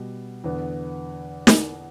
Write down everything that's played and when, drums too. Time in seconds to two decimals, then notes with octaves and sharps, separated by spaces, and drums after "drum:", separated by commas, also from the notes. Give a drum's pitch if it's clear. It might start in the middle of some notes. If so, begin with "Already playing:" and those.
Already playing: B2 G3 B3
0.44 E2 D3 B3
1.47 drum: snare